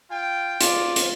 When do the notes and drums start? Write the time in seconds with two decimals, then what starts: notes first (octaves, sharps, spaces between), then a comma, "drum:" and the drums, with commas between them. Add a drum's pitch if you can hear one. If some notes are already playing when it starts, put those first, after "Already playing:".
0.11 F4 G5
0.61 F4 G#4 D5, drum: hi-hat
0.96 drum: hi-hat